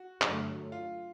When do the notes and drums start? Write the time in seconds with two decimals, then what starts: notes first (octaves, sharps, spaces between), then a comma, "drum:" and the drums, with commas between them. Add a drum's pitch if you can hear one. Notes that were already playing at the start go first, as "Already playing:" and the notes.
Already playing: F#4
0.22 G2 D3 F#3 A3, drum: clap
0.72 F4